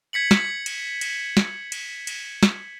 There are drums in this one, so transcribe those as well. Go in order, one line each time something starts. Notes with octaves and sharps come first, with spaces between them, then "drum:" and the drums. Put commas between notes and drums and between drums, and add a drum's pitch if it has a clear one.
G#6 B6 C#7 F#7
drum: snare
drum: cymbal
drum: cymbal
drum: snare
drum: cymbal
drum: cymbal
drum: snare